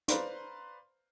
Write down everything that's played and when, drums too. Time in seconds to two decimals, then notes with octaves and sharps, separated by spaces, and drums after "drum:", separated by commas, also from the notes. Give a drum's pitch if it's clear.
0.08 B4 C5 D5 F5 A#5 C6, drum: hi-hat